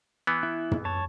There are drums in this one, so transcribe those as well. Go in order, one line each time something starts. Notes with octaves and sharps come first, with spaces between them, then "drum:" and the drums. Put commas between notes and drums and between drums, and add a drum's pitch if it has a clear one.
E3 B3
E4
drum: tom
C#5 A5